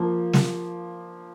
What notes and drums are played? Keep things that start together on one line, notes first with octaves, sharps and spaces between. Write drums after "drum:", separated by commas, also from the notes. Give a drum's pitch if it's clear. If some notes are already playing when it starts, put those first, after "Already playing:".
Already playing: F3 A#3
drum: snare